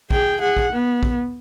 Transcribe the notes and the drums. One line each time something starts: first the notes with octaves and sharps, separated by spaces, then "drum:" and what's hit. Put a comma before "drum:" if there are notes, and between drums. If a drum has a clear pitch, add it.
G#4 G5, drum: kick A#1
G#4 F#5
drum: kick A#1
B3
drum: kick A#1